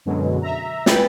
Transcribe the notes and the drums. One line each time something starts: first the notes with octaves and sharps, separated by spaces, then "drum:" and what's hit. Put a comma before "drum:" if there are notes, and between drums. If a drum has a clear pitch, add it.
F#2 B2 D3 F#3 G#3
E5 A#5
B4 G5 G#5 B5 A6, drum: snare